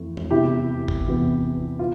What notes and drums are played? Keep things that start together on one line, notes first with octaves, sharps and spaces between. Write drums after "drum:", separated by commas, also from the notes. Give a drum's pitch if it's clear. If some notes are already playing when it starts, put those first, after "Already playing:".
Already playing: F2 E3 A3
drum: tom E2
E2 C3 E3 B3 E4 G4
drum: kick
E2 C3 E3 B3
B3 F4